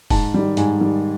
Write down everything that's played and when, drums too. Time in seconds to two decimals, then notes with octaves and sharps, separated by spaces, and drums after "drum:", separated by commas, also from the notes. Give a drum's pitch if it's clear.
0.10 G#2 A5, drum: kick E1, open hi-hat
0.34 D#3 G3
0.57 G#2 G#5, drum: hi-hat
0.80 D#3 G3